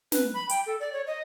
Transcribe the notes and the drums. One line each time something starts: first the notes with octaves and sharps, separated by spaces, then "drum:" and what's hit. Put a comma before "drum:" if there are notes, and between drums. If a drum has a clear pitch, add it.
B4, drum: snare
B5
G5, drum: hi-hat
A4
D5
C#5
D#5